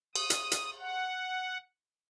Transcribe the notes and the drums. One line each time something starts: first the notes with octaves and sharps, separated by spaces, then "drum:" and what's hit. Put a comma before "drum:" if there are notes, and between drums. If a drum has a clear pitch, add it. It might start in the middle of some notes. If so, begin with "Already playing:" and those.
D#6, drum: cymbal
drum: hi-hat
drum: hi-hat
F#5